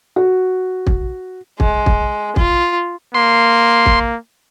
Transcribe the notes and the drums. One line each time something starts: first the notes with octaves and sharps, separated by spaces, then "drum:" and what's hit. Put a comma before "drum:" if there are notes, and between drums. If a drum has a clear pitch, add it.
F#4
drum: kick
G#3, drum: kick
drum: kick
F4, drum: kick
A#3 C6
drum: kick